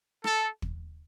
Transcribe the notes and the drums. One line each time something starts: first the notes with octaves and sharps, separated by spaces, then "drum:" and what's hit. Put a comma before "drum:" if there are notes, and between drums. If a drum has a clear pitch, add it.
A4, drum: rim click
drum: kick